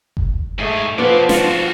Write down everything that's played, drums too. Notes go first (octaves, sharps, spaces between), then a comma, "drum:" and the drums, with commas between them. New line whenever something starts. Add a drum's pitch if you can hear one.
drum: kick F#1
G#2 A3 G#4
F3 B3 F4 B4 D5
F4 F#4, drum: snare